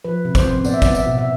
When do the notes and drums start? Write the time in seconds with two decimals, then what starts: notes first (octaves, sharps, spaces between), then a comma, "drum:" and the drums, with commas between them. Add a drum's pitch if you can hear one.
0.05 F3 B4
0.25 C3
0.35 C5, drum: kick, tambourine
0.45 C4
0.64 B3 D5, drum: tambourine
0.74 E5
0.82 B3 D5, drum: kick, tambourine
0.95 E5, drum: tambourine
1.06 B2
1.18 E5